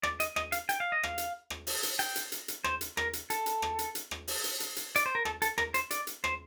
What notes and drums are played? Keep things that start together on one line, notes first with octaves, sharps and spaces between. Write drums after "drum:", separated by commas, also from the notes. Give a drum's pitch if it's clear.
D5, drum: rim click
D#5, drum: hi-hat
D#5, drum: rim click
F5, drum: hi-hat
G5, drum: hi-hat
F5
D#5
F5, drum: rim click
drum: hi-hat
drum: rim click
drum: open hi-hat
drum: hi-hat
G5, drum: hi-hat
drum: hi-hat
drum: hi-hat
drum: hi-hat
C5, drum: rim click
drum: hi-hat
A#4, drum: rim click
drum: hi-hat
A4, drum: hi-hat
drum: hi-hat
drum: rim click
drum: hi-hat
drum: hi-hat
drum: rim click
drum: open hi-hat
drum: hi-hat
drum: hi-hat
drum: hi-hat
D5, drum: hi-hat
C5
A#4
A4, drum: rim click
A4, drum: hi-hat
A#4, drum: rim click
C5, drum: hi-hat
D5, drum: hi-hat
drum: hi-hat
C5, drum: rim click